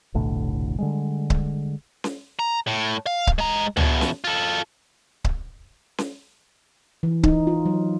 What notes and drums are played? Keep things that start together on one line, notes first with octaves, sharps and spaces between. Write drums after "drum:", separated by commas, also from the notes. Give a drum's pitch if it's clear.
F1 B1 A2 D3
D3 G3 G#3
drum: kick C#1
drum: snare C#4
A#5
A2
F5
drum: kick C#1
G#3 A#5
E2 B2, drum: tom C#2
drum: snare C#4
F4 A4
drum: kick C#1
drum: snare C#4
E3
D#4, drum: kick C#1
F4
F#3